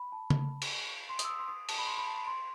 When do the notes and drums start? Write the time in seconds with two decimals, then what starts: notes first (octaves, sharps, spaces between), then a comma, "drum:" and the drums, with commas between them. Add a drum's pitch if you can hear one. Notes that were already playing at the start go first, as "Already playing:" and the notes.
Already playing: B5
0.12 A5
0.30 drum: tom C#3
0.62 drum: cymbal
1.09 C6
1.19 D#6, drum: hi-hat
1.24 E6
1.29 D#6
1.39 C6
1.48 D#6
1.69 A5, drum: cymbal
1.78 B5
1.87 C6
1.98 B5
2.07 A5
2.16 B5
2.27 C6